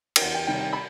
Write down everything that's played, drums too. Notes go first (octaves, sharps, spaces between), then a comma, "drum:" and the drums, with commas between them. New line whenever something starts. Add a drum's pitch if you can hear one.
G5, drum: cymbal
E2 F#5
G5
C3 D#3 G3 G5
G5
B5